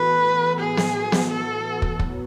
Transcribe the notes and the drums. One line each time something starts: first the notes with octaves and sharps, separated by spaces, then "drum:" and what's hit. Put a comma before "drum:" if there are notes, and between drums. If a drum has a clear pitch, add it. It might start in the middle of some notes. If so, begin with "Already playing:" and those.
Already playing: A2 E3 B3 F#4 A4 B4
G#4
drum: snare B3
drum: snare B3
A4
drum: kick
A2 F#3 B3, drum: kick